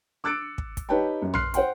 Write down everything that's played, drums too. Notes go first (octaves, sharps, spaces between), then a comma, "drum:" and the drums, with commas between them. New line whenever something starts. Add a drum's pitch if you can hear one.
D6 E6 F#6 A6 C#7 D7
drum: kick
drum: kick, hi-hat
D#4 G4 B4 C#5 G5 A5
F#2
C6 F6 F#6 C7, drum: tom
C5 F#5 G5 C6, drum: hi-hat